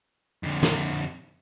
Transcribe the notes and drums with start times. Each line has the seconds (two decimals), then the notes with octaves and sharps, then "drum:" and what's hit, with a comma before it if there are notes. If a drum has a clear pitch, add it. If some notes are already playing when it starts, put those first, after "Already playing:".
0.43 F2 D3
0.63 drum: snare